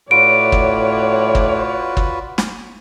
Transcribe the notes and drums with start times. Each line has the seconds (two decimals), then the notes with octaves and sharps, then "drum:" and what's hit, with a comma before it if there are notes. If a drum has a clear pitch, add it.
0.11 A2 F4 F#4 B4 C#5 D5 D7
0.52 drum: kick
1.35 drum: kick
1.97 drum: kick
2.38 drum: snare